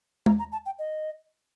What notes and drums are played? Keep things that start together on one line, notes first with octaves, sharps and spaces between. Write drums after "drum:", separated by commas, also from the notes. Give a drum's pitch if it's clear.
A#5, drum: tom
A#5
A5
G5
D#5